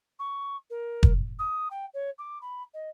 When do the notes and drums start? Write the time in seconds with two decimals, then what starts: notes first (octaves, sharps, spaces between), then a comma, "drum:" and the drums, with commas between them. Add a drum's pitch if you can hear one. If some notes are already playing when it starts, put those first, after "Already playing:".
0.19 C#6
0.70 A#4
1.03 drum: kick
1.39 D#6
1.70 G5
1.94 C#5
2.18 D6
2.41 B5
2.73 D#5